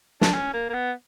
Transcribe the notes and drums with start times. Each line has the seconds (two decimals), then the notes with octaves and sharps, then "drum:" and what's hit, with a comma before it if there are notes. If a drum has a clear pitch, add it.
0.21 D4, drum: snare
0.34 C#4
0.53 A#3
0.69 A#3
0.74 B3